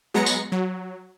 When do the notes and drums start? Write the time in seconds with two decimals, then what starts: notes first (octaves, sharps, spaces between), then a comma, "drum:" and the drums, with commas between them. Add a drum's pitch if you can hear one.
0.14 F#3 G#3 B3 A#5 A#6 C#7
0.26 drum: tambourine
0.52 F#3